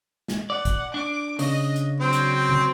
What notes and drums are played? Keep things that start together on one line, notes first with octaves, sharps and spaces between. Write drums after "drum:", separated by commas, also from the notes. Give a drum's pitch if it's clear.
drum: snare
D5 F#5
drum: kick, hi-hat
D4 D6
C#3 D#5, drum: open hi-hat
drum: hi-hat
F#3 C4 G5
drum: hi-hat
drum: tom C#3